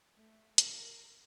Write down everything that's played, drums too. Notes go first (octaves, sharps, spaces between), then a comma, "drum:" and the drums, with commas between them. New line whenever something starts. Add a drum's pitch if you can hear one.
A3
A#4, drum: hi-hat